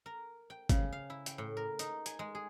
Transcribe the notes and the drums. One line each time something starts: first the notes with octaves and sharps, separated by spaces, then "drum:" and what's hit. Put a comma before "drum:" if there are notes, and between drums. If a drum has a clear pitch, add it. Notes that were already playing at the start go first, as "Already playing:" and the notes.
A#4
G5
C#3, drum: kick G1, hi-hat
F5
E4
G5, drum: hi-hat
A2
A#4
D#4, drum: hi-hat
G#5, drum: hi-hat
G#3
G#4